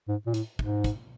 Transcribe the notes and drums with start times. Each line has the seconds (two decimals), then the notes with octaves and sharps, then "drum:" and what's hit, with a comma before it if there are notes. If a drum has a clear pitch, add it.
0.08 G#2
0.26 A#2
0.34 A2, drum: hi-hat
0.59 G#2, drum: kick
0.84 drum: kick, hi-hat